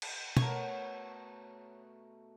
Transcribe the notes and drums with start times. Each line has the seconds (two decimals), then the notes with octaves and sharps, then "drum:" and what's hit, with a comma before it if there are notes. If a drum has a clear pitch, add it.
0.02 drum: cymbal
0.37 B2 A3 A#4 C#5, drum: tom